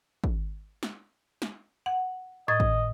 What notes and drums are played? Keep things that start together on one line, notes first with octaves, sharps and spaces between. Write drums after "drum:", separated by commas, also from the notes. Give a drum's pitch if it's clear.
drum: kick
drum: snare
drum: snare
F#5
A2 D#5 G#6 A6
drum: kick